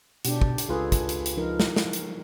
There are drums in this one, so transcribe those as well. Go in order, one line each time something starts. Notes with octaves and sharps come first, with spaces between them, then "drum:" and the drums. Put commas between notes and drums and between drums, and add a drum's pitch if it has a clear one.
B2 D4 G4, drum: hi-hat
drum: kick
drum: hi-hat
C#2 F4 G#4 A4 B4
drum: kick, hi-hat
drum: hi-hat
drum: hi-hat
F3 D#4 A#4
drum: snare
drum: snare
drum: hi-hat